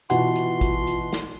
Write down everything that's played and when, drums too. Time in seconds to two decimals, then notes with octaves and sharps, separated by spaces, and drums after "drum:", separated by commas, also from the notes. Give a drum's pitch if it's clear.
0.10 B2 E3 F4 F#4 F#5 C6, drum: hi-hat
0.36 drum: hi-hat
0.61 drum: kick, hi-hat
0.87 drum: hi-hat
1.13 drum: snare